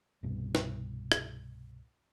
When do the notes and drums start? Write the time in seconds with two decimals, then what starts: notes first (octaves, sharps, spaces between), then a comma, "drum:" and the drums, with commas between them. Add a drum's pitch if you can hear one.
0.23 C2 G2 B2
0.55 drum: snare
1.12 drum: rim click